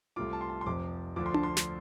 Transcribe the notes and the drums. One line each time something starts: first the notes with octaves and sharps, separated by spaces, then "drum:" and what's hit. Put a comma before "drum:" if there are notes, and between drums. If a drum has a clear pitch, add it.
C2 C3 A3 F4 D6
A5
C6
A5
C6
F1 F2 C3 F3 D6
D2 D3 F3 D4 F4 D6
C6
A5, drum: tom D4
C6
drum: snare